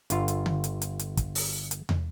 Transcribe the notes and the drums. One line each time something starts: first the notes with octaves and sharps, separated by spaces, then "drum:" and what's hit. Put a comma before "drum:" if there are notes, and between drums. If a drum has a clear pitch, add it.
G1 D3 F4, drum: hi-hat
drum: hi-hat
drum: tom D3
drum: hi-hat
drum: hi-hat
drum: hi-hat
drum: kick, hi-hat
drum: open hi-hat
drum: hi-hat
drum: tom